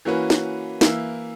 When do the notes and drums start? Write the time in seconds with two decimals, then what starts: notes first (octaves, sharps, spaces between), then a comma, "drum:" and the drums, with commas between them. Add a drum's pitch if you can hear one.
0.05 E3 A#3 C#4 F#4 B4
0.30 drum: snare
0.81 E3 A#3 E4, drum: snare